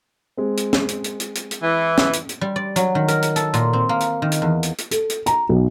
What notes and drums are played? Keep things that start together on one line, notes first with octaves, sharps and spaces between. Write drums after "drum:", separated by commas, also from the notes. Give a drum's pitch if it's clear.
G#3 C4
drum: hi-hat
drum: snare
drum: hi-hat
drum: hi-hat
drum: hi-hat
drum: hi-hat
drum: hi-hat
E3
drum: snare
drum: hi-hat
drum: hi-hat
G3
D5
F#3, drum: hi-hat
D#3
A#4, drum: hi-hat
drum: hi-hat
A4, drum: hi-hat
A#2, drum: hi-hat
C4
A#3
drum: hi-hat
D#3
drum: hi-hat
E2
drum: hi-hat
drum: hi-hat
A4, drum: hi-hat
drum: hi-hat
A#5, drum: hi-hat
B1